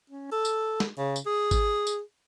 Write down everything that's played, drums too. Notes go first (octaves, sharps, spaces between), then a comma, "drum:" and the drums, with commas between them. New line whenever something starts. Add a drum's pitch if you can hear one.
C#4
A4
drum: tambourine
drum: snare
C#3
drum: tambourine
G#4
drum: kick G#1, tambourine
drum: tambourine